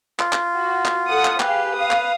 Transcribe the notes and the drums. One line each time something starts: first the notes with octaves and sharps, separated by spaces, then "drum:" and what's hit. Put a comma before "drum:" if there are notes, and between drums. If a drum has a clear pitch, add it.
F4, drum: clap
drum: clap
F#4
drum: clap
A4 F#5 D#6
drum: clap
G4 G#4 B4 F5, drum: clap
F5 D#6
drum: clap